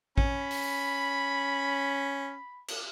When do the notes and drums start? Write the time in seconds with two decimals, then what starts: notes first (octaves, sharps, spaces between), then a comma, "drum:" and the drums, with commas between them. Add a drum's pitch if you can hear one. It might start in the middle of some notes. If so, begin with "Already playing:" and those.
0.18 C#4 B5, drum: kick A1
0.51 drum: open hi-hat
2.68 drum: cymbal